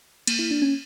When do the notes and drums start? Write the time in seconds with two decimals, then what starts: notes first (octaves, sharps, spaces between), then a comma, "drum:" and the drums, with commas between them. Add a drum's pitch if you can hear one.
0.27 A#3, drum: cymbal
0.39 E4
0.51 D4
0.62 C#4